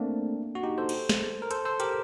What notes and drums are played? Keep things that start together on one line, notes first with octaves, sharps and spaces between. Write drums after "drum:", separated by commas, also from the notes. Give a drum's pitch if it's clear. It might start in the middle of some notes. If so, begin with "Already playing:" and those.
Already playing: A3 A#3 C4 D4
F#4
D#4 G4
A4 C5
drum: cymbal
drum: snare
A#4
A4 C5, drum: hi-hat
A4 C5
G4 A#4, drum: hi-hat